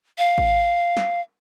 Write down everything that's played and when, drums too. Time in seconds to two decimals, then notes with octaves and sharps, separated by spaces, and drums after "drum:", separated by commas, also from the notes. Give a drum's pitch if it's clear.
0.18 F5
0.38 drum: kick G#1
0.97 drum: snare